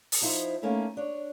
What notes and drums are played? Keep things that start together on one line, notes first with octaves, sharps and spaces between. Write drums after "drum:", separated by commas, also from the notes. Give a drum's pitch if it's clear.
drum: open hi-hat
F3 D#4 E4 A4 C5
A3 A#3 C#4 D#4 E4
D4 C#5